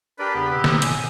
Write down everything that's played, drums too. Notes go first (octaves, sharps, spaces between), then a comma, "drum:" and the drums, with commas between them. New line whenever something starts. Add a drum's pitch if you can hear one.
D4 G4 A#4 B4 D5
E2 C#3 B3 G#4
B2 C4
drum: snare
A2 C3 G#5, drum: hi-hat